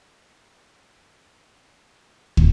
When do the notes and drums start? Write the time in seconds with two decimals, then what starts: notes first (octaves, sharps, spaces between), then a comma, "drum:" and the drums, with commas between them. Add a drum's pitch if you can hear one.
0.23 A#3
0.54 C#4
0.76 C4
0.99 A3
1.22 F#3
1.46 A2
1.91 A#2
2.37 drum: kick